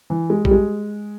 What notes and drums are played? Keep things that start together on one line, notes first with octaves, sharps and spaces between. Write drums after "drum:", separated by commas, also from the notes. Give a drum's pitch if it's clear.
E3
G#3
G3, drum: kick A#1
G#3